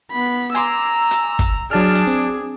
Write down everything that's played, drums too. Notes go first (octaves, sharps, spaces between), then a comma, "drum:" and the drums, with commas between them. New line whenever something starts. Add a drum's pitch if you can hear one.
B3 B5
G#5 A#5 C6 D6 E6, drum: hi-hat
drum: hi-hat
drum: kick, hi-hat
F#3 D4 G#4 A5 F6
drum: hi-hat
C4